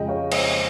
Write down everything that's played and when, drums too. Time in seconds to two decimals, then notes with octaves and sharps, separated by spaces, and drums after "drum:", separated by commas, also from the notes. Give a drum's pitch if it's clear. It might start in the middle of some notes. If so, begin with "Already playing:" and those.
Already playing: F2 C#3 G#3 D#5 G5
0.08 C#5 F5
0.32 C5 D#5, drum: cymbal